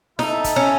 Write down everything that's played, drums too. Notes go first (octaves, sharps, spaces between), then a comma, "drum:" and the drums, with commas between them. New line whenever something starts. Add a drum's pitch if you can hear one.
D#4 E4 A4 E5, drum: snare E4
drum: kick, hi-hat
C#4